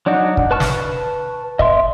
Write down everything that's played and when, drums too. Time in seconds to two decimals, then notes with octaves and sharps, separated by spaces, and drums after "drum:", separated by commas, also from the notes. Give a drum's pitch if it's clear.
0.06 F#3 D4 D#4 F#4
0.37 drum: kick
0.51 B4 A5 C#6 F6
0.60 drum: snare
1.59 D#5 E5 C6, drum: kick